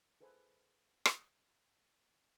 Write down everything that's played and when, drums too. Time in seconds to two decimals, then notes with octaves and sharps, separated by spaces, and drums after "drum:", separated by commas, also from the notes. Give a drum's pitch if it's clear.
0.21 G#4 A4 B4 C5 G#5
1.05 drum: rim click